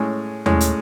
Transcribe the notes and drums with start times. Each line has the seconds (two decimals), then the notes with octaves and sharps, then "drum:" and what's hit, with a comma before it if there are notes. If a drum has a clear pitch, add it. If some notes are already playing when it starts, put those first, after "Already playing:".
Already playing: A2 G#3 C#4
0.46 A2 G#3 C#4, drum: tom
0.61 drum: hi-hat